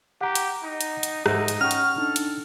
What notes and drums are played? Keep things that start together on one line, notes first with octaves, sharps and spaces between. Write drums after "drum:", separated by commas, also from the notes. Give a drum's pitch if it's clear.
G4 F#5 G5 A#5
drum: hi-hat
D#4
drum: hi-hat
drum: hi-hat
G#2 D#4 C5 E5 F#5 E6, drum: rim click
drum: hi-hat
C#4 F#5 G5 C#6 F6
drum: hi-hat
D4 D#4 A4
drum: hi-hat